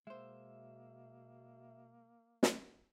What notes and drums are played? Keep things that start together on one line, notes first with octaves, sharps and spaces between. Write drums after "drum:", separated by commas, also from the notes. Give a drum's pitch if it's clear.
B2 G#3 A#3 C5 E5
drum: snare